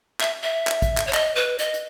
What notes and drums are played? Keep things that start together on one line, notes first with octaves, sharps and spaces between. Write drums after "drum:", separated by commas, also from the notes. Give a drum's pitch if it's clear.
E5, drum: clap
E5
drum: clap
drum: kick, hi-hat
drum: clap
C#5
D#5, drum: clap
B4
D#5, drum: hi-hat
drum: hi-hat